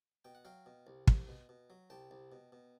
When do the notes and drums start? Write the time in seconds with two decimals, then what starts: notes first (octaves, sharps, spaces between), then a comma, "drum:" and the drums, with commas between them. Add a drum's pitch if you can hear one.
0.25 B2 G5
0.35 F#5
0.45 F#3 F5 G5
0.66 B2
0.87 C2
1.07 C2, drum: kick
1.28 B2
1.49 B2
1.70 F#3
1.90 C2 G5 A5
2.11 C2
2.32 B2
2.52 B2